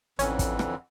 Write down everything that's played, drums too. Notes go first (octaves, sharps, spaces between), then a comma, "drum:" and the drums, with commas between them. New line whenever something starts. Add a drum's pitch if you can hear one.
A1 F2 D3 E3 C#4, drum: hi-hat
drum: kick, hi-hat
drum: rim click